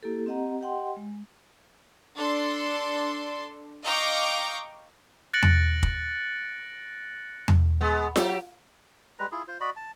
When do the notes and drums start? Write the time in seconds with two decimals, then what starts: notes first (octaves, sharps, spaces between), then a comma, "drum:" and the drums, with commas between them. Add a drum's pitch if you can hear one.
0.03 A#3 E4 G4 A4
0.26 C4 G4 D#5 F#5 A#5
0.61 G4 D#5 F#5 G5 C6
0.97 G#3
2.17 D4 A4 C6
3.84 D#5 F5 G5 A#5 C#6 D6
5.34 F#6 A6 A#6 C#7 D7 F#7
5.43 drum: tom E2
5.83 drum: kick
7.48 drum: tom E2
7.81 G#3 B3
8.16 F#3 G4, drum: snare F4
9.19 G3 G#3 B4 A#5
9.32 E4 F4 G#4
9.48 F4 C5
9.61 F#4 D5 D#5 B5
9.76 A5